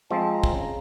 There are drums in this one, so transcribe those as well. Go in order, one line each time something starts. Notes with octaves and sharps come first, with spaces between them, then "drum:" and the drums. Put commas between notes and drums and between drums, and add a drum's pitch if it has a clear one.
F3 G#3 C4 A5
A#5
drum: kick
C#3